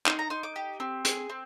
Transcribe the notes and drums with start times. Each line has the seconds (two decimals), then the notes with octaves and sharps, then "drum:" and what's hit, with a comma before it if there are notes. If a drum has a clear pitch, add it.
0.06 D#4 C6, drum: clap
0.19 A#5
0.30 D#4 C6
0.43 D6
0.56 G4
0.80 C4
1.05 G#4, drum: hi-hat
1.30 C4